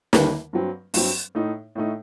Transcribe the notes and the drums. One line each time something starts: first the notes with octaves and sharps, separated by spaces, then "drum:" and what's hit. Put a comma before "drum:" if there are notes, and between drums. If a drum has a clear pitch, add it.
D#2 D3 G3 A#3, drum: snare
G2 F#3 C4
G2 F#3 C4, drum: open hi-hat
A2 A3 D#4
A2 A3 D#4